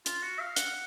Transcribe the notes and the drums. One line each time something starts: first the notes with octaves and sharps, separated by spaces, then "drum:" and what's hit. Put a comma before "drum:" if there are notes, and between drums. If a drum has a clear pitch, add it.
F4, drum: hi-hat
F#4
F5
F#5, drum: hi-hat